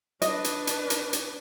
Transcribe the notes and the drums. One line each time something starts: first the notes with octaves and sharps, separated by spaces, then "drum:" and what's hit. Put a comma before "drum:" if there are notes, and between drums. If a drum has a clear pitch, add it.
D4 B4 D#5, drum: hi-hat
drum: hi-hat
drum: hi-hat
drum: hi-hat
drum: hi-hat